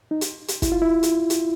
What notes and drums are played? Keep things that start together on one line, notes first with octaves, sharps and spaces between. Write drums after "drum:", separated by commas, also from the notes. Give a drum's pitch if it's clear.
D#4
drum: hi-hat
drum: hi-hat
E4, drum: kick, hi-hat
F4
E4
drum: hi-hat
drum: hi-hat